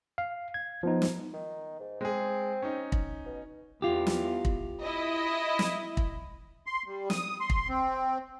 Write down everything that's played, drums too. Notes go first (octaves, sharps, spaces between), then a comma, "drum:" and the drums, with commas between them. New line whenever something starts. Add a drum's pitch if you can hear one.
F5
G#6
F3 B3 D#4
drum: snare
D#3
G#2
G#3 C4 G#4
C#4 D#4
drum: kick
B2
E2 F4 G4
drum: snare
drum: kick
E4 D#5
drum: snare
drum: kick
C6
G3
D#6, drum: snare
C6
drum: kick
C4